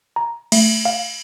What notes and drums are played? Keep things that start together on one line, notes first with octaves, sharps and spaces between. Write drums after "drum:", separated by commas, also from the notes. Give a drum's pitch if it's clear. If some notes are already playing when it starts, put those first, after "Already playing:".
A#5
A3, drum: cymbal
F5